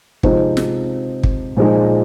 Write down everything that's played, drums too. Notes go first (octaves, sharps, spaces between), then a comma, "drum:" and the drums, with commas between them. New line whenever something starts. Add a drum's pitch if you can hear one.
C3 F3 G#3 C4 D#4, drum: kick
drum: snare
drum: kick
A#2 F3 G#3 D#4